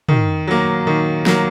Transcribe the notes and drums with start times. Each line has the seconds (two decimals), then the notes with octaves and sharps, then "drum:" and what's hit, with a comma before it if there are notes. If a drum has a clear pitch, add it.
0.09 D#3, drum: tom
0.47 F#3 A#3
0.87 D#3
1.26 F#3 A#3, drum: snare